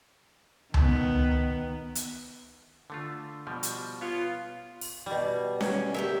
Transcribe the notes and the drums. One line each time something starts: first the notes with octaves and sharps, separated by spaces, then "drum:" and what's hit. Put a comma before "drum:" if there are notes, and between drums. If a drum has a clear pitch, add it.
D#3 B3, drum: tom C#2
drum: hi-hat
D3 A3 F4
B2 F3 G3
drum: hi-hat
B3 F4 C#5
drum: open hi-hat
B2 G3
C#4, drum: snare C#4
G4 G#4 A#4 E5